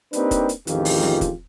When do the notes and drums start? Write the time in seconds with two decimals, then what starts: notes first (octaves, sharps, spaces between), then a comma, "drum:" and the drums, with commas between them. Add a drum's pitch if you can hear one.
0.13 A#3 C4 D4 D#4 G4 B4, drum: hi-hat
0.31 drum: kick, hi-hat
0.49 drum: hi-hat
0.67 A1 F2 D#3 F4 G4 G#4, drum: hi-hat
0.85 drum: open hi-hat
1.03 drum: snare
1.21 drum: kick, hi-hat